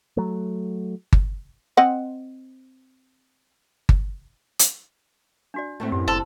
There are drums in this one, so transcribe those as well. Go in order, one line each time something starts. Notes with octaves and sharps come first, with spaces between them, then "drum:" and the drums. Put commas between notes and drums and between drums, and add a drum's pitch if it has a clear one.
F#3 A3
drum: kick G1
C4 D#5 F#5
drum: kick G1
drum: hi-hat
D4 F#4 D5
A2 A3 B3 C4
F#2 G4
F#1 A4 C5 C6